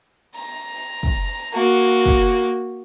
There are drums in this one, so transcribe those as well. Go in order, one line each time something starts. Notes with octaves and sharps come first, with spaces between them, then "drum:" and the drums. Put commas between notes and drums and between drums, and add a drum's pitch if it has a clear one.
A#5, drum: hi-hat
drum: hi-hat
drum: kick, hi-hat
drum: hi-hat
A#3 F#4
drum: hi-hat
drum: kick, hi-hat
drum: hi-hat